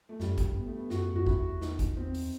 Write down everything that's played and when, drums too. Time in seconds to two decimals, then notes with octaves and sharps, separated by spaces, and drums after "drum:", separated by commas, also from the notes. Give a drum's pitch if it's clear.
0.09 A3
0.20 F#2 G3, drum: snare
0.38 drum: kick, hi-hat
0.50 F#2
0.55 G2 B3
0.66 A3
0.77 B3
0.90 F#2 F#4, drum: snare
1.14 F#2 F#4
1.26 E4, drum: kick
1.38 E2
1.61 D#4, drum: snare
1.79 drum: kick, hi-hat
1.97 C4
2.14 drum: open hi-hat